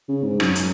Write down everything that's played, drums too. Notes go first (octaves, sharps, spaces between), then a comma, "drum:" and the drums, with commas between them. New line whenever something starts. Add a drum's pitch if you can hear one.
C#3
G#2
F#2, drum: rim click
drum: hi-hat